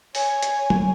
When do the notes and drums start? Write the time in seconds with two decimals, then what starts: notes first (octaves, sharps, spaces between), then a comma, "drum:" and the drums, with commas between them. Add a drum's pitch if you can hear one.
0.15 C#5 G#5, drum: open hi-hat
0.42 drum: hi-hat
0.70 drum: tom F#3